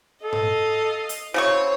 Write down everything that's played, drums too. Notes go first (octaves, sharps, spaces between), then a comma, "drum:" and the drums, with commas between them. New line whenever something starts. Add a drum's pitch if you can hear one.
A4 D#5 F5
drum: tom G#2
drum: hi-hat
C#3 F#3 E4 C5 C#5 C#6